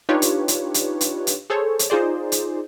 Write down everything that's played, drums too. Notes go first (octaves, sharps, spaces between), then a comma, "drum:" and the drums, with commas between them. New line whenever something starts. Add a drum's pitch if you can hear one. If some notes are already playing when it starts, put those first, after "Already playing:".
D4 D#4 F4 G4 B4 C#5
drum: hi-hat
drum: hi-hat
drum: hi-hat
drum: hi-hat
drum: hi-hat
G#4 A4 C5 C#5
drum: hi-hat
D#4 F4 G#4 C5 D5
drum: hi-hat